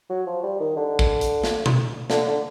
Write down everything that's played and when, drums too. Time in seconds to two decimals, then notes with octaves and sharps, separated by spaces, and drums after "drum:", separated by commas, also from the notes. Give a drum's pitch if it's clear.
0.10 F#3
0.26 F3
0.43 G3
0.60 D#3
0.76 D3
0.99 drum: kick
1.21 drum: hi-hat
1.44 drum: snare
1.66 drum: tom B2
2.10 D3, drum: snare
2.27 D3